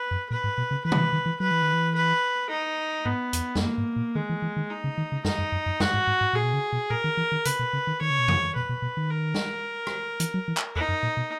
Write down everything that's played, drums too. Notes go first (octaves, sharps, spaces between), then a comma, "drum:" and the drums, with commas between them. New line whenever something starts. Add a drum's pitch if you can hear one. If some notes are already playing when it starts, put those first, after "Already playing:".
Already playing: B4
F#2
A#2 B4
G#2
B2
C#3
E3 B4
D#3, drum: tom
E3
D#3
E3
F#3 B4
E3
D#3
E3
B4
D#4
G#2 B3
E2, drum: hi-hat
E2, drum: snare
F#2 A#3
G#2
A#2
D#3 G#3
E3
E3
D#3
D#4
C#3
D#3
C#3
F#2 D#4, drum: snare
F#2
F#2
F#2
F#2 F#4, drum: snare
G#2
G#2
G#2
A#2 G#4
B2
C#3
B2
A#2 A#4
D#3
E3
D#3
C#3 B4, drum: hi-hat
B2
C#3
D#3
D#3 C#5
C#3
B2
C#3, drum: tom F2
B2 B4
B2
B2
D#3
A#4
drum: snare
drum: rim click
E3, drum: hi-hat
F#3
E3
drum: clap
E2 D#4
F#2
A#2
B2